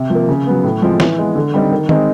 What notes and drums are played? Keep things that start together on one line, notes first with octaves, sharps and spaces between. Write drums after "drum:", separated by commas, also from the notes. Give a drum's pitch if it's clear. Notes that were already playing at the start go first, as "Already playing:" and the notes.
Already playing: C3
F3 A#3
C#3
F#3 B3
A2
F3 G#3 C4
E3, drum: snare
G#3 B3
D3
G3 C4 D#4
D#3
G#3 C4 D#4, drum: tom